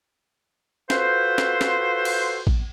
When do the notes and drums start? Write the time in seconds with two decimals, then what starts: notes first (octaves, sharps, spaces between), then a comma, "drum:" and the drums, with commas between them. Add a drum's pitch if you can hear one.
0.90 F4 F#4 A4 B4 C5, drum: snare
1.38 drum: snare
1.61 drum: snare
2.05 drum: cymbal
2.47 drum: kick A1